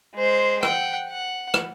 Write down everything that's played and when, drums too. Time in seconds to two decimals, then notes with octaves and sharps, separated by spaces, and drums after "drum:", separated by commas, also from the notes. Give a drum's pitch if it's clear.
0.15 G#3 C5
0.63 F#5 G5, drum: rim click
1.09 F#5
1.54 drum: rim click